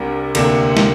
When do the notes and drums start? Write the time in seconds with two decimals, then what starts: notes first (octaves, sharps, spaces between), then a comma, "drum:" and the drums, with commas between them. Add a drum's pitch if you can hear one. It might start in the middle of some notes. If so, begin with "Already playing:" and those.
Already playing: C2 C3 G3 D4 A#4
0.35 D2 C3 A#3 D4, drum: cymbal
0.77 drum: snare